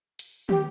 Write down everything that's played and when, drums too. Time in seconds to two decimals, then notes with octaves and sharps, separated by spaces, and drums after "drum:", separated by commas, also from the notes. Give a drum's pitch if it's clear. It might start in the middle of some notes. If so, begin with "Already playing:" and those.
0.19 drum: hi-hat
0.49 G4, drum: tom